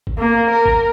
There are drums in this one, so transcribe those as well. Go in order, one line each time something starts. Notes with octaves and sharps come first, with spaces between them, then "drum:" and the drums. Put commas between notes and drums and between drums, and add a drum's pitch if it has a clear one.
drum: kick
A#3
A#4
drum: kick